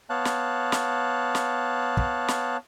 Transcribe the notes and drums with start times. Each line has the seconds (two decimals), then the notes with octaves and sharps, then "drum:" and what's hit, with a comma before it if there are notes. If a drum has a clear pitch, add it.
0.10 B3 C#5 F5 A5 F#6
0.25 drum: snare
0.72 drum: snare
1.35 drum: snare
1.97 drum: kick
2.28 drum: snare